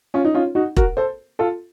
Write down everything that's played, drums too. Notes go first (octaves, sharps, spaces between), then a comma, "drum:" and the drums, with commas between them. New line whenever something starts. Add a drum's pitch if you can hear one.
C#4 F4
D#4
C#4 F4
D#4 F#4
F#4 A#4, drum: kick E1
A4 C5
F4 A4